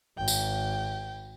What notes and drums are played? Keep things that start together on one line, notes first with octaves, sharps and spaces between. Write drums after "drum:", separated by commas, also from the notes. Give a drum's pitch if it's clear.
G#1 G5
drum: tambourine